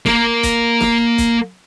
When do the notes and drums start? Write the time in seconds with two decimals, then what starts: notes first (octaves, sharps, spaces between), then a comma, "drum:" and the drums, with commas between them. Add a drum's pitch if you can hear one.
0.06 A#3 A#4, drum: snare
0.43 drum: kick, hi-hat
0.81 drum: snare
1.18 drum: kick, hi-hat